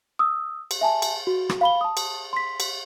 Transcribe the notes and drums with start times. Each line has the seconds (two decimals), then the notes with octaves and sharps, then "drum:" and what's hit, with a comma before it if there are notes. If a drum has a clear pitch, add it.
0.19 D#6 E6
0.71 drum: cymbal
0.81 E5 G#5 A5
1.02 drum: cymbal
1.27 F#4
1.49 drum: rim click
1.61 F5 B5 G7
1.81 A5 D#6
1.97 drum: cymbal
2.33 C6 B6
2.60 drum: cymbal